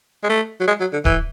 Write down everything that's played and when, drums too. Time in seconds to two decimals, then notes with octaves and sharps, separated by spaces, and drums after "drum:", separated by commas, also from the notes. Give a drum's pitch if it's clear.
0.24 G#3
0.29 A3
0.60 F#3
0.67 G#3
0.80 F#3
0.93 D3
1.05 E3, drum: kick D1